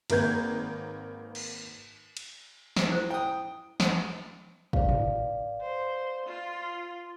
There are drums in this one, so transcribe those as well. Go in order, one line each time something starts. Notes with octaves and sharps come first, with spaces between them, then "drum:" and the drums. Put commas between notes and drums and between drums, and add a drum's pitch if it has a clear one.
G#1 A#3 A#4 B4 G6 G#6, drum: cymbal
drum: cymbal
drum: cymbal
drum: snare
E4 C5
G5 D#6
drum: snare
B4 D5 F5, drum: kick
drum: tom G#2
C5
F4